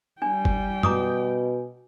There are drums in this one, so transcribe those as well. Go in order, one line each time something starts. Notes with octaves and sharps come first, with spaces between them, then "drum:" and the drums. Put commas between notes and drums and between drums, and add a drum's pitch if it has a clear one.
G3 D4 G5 G#5
drum: kick F#1
B2 A#5 D6 D#6, drum: tom F#2